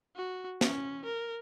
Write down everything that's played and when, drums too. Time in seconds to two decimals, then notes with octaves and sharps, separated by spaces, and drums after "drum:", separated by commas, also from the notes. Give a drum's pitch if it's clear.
0.16 F#4
0.61 C#4, drum: snare
1.05 A#4